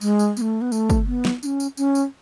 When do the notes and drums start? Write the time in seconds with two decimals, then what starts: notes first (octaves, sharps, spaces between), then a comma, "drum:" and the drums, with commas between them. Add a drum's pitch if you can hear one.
0.01 G#3, drum: tambourine
0.19 drum: tambourine
0.37 B3, drum: tambourine
0.41 A3
0.61 B3
0.72 A3, drum: tambourine
0.90 drum: kick, tambourine
1.07 B3
1.25 drum: snare
1.43 D4, drum: tambourine
1.46 C#4
1.60 drum: tambourine
1.77 C#4, drum: tambourine
1.95 drum: tambourine